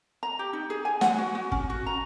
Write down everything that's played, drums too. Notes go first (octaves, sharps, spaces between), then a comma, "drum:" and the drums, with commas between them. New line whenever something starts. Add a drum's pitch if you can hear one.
A#5
G4
D#4
G#4
G#5
F#5, drum: snare
F#4
F#4
C#4, drum: kick G#1
F#4
A#5